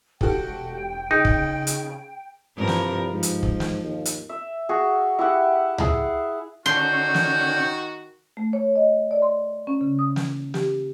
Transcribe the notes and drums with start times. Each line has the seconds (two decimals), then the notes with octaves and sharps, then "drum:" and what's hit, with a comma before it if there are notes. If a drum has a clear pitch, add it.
0.21 E1 F#4 G4 A4 G5, drum: kick
1.11 C#3 D#4 G#4
1.25 drum: kick
1.67 drum: hi-hat
2.57 C2 G2 F3 A#4
2.67 drum: snare
3.11 G#2 F3
3.23 drum: hi-hat
3.43 drum: kick
3.60 drum: snare
3.83 D#2
4.05 drum: hi-hat
4.29 E5
4.69 F#4 G#4
5.19 E4 G4 E5 F#5
5.78 E4 G#4, drum: tom C#2
6.66 D3 D#3 C#4 F#4 C6 G6
7.14 drum: snare
8.37 A3
8.53 C#5
8.76 D#5
9.11 D5
9.22 C6
9.67 C#4
9.81 C#3
9.99 D#6
10.16 drum: snare
10.54 G4, drum: snare